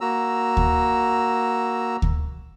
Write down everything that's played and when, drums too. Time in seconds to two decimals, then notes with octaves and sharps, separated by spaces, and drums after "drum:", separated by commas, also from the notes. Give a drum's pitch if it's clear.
0.01 A#3 F#4 A#5 E6
0.57 drum: kick D2
2.02 drum: kick D2